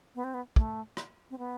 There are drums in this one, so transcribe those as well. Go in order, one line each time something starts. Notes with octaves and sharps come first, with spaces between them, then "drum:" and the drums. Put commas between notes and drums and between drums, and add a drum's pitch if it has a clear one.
B3
C4
B3
A3, drum: kick
drum: rim click
C4
B3